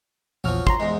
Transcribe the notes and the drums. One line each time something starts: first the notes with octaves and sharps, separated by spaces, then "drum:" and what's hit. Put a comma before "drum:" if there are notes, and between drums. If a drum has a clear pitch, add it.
A#1 E2 F3 F#3 F6
A#5 C6, drum: kick
E2 G#2